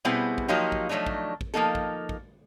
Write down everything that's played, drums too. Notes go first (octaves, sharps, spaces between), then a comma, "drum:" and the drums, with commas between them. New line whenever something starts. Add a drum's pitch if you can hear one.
B2 G3 B3 C4 E4 G#4
drum: kick
F3 F#3 A#3 D#4 F4 G4
drum: kick
F3 F#3 A3 D4 D#4
drum: kick
drum: kick
F3 A#3 D#4 A4
drum: kick
drum: kick